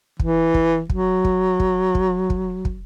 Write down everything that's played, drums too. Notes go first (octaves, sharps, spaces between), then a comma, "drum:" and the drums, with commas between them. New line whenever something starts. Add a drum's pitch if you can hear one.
E3, drum: kick
drum: kick
F#3, drum: kick
drum: kick
drum: kick
drum: kick
drum: kick
drum: kick